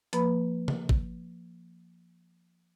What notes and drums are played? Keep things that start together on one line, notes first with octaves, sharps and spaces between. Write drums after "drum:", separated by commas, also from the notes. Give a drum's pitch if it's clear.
F3 A#3 B4 B5, drum: hi-hat
drum: tom C#3
drum: kick